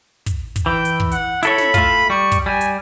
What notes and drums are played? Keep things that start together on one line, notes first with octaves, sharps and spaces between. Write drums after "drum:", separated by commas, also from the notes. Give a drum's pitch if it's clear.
drum: kick, hi-hat
drum: kick, hi-hat
E3 G5
drum: hi-hat
drum: kick
F#5, drum: hi-hat
E4 A4 C#5 B5, drum: hi-hat
drum: snare
A3 F4, drum: kick, hi-hat
G3 C#6
drum: kick, hi-hat
G3 G#5
drum: hi-hat